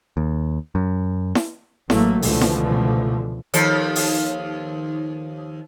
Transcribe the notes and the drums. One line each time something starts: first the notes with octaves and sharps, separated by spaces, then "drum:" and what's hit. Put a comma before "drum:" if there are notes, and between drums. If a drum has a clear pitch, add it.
D#2
F#2
drum: snare E4
A1 F#3 A3 A#3, drum: snare E4
C#2 B2 D3 E3 F3 A3, drum: open hi-hat
drum: snare E4
D#2 F3 A4, drum: hi-hat
drum: open hi-hat